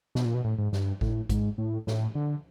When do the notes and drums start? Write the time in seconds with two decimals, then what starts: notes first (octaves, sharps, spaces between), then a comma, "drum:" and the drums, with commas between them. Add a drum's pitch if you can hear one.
0.15 B2, drum: snare
0.25 A#2
0.34 B2
0.44 A2
0.58 G#2
0.72 G2, drum: snare
1.01 A2, drum: kick G#1
1.29 G#2, drum: kick G#1, hi-hat
1.58 A2
1.87 A2, drum: snare
2.15 D3